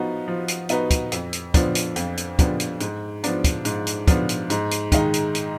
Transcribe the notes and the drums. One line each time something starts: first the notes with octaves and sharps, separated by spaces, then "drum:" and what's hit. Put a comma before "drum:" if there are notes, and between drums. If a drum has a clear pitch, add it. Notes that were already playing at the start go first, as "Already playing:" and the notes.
Already playing: F3 B3 D#4 F#4 B4
F3
drum: hi-hat
B3 D#4 F#4 B4, drum: hi-hat
drum: kick, hi-hat
F2, drum: hi-hat
drum: hi-hat
F3 B3 D4, drum: kick, hi-hat
drum: hi-hat
F2, drum: hi-hat
drum: hi-hat
F3 B3 D4, drum: kick, hi-hat
drum: hi-hat
G#2, drum: hi-hat
F3 B3 D4, drum: hi-hat
drum: kick, hi-hat
G#2, drum: hi-hat
drum: hi-hat
F3 B3 D4, drum: kick, hi-hat
drum: hi-hat
G#2, drum: hi-hat
drum: hi-hat
D#3 G#3 D#4, drum: kick, hi-hat
drum: hi-hat
drum: hi-hat